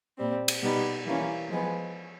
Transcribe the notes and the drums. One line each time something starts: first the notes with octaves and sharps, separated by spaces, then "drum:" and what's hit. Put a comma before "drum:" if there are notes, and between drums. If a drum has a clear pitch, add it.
A#2 G3 C4
drum: cymbal
B2 G3 B3 D#4
E3 G3 A#3 C#4
F3 G#3 B3